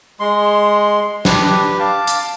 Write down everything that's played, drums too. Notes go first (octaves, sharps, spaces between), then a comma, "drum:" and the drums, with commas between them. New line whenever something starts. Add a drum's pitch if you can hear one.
G#3 C6
D4 G4 B4, drum: snare
F5 A5 D6
drum: hi-hat